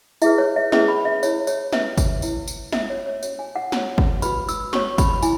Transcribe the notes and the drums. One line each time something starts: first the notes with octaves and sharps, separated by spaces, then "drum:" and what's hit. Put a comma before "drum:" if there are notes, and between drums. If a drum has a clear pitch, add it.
E4 G#4 B4 E5, drum: tambourine
C#5
E5
C#4 E4 G#4 B4 E5, drum: snare
B5
E5
E4 C#5, drum: tambourine
C#5, drum: tambourine
C#4 E4 B4 E5, drum: snare
drum: kick, tambourine
E4 C#5, drum: tambourine
drum: tambourine
E4 C#5 E5, drum: snare
C#5
C#5
C#4 F#4 C#5, drum: tambourine
G#5
F#5
F#4 C#5, drum: snare
drum: kick
F#4 B4 B5, drum: tambourine
E6, drum: tambourine
F#4 C#5 C#6, drum: snare
B5, drum: kick, tambourine
B5
E4 G#5, drum: tambourine